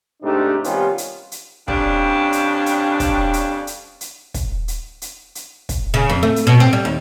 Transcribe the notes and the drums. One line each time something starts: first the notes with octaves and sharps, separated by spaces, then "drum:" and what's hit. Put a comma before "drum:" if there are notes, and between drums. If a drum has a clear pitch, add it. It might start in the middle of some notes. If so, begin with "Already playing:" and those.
G#2 C3 A3 D4 D#4 G4
C3 D#3 G3 B3 C#4 F4, drum: hi-hat
drum: hi-hat
drum: hi-hat
F2 G3 C#4 D4, drum: kick
drum: hi-hat
drum: hi-hat
drum: kick, hi-hat
drum: hi-hat
drum: hi-hat
drum: hi-hat
drum: kick, hi-hat
drum: hi-hat
drum: hi-hat
drum: hi-hat
drum: kick, hi-hat
C#3
F2
A3
drum: hi-hat
B2
C4
G3
D#2